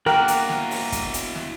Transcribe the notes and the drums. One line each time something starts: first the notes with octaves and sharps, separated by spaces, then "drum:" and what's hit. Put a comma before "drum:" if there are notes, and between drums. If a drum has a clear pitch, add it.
A#3 E4 F#4 A#4 G5 F6 F#6, drum: snare
drum: hi-hat
drum: snare
drum: open hi-hat
drum: kick, hi-hat
drum: hi-hat
drum: snare